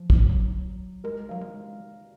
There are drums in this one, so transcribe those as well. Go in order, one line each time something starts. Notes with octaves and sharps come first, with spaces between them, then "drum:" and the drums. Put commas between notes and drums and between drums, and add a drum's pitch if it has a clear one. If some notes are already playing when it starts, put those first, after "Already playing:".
Already playing: F3
drum: kick
F#3
G#3 A#4
F#3 F5
G#3